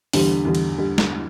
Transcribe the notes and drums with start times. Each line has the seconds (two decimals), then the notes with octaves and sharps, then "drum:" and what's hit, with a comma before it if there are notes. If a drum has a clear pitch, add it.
0.13 E2 D3 G3, drum: open hi-hat
0.45 E2 D3 G3
0.55 drum: cymbal
0.78 D3 G3
0.98 drum: snare